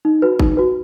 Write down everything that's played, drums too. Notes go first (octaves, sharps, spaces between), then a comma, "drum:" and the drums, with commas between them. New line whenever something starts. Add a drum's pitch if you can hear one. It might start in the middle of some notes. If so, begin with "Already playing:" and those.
D#4
F#4 B4
D#4, drum: kick G#1
F#4 B4